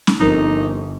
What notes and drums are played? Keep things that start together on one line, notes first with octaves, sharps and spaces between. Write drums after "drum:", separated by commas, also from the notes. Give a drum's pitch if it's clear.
drum: snare C#4
G1 F3 C4 D#4 A#4